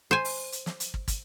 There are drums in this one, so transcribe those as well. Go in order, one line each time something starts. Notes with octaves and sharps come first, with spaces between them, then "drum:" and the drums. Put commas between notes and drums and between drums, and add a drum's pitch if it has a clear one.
C5 G#5
drum: open hi-hat
drum: hi-hat
drum: snare
drum: hi-hat
drum: kick
drum: kick, hi-hat